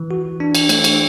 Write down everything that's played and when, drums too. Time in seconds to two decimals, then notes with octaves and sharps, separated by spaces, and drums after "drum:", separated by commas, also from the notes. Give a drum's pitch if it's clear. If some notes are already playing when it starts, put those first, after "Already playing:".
Already playing: E3
0.11 F#4
0.40 D4
0.55 drum: cymbal
0.69 A3, drum: cymbal
0.84 drum: cymbal